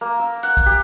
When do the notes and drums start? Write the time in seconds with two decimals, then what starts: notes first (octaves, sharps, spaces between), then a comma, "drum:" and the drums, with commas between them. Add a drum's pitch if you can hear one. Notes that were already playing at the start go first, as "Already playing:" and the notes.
0.01 A#3
0.20 E6
0.43 F#5, drum: hi-hat
0.57 drum: kick, hi-hat
0.66 G4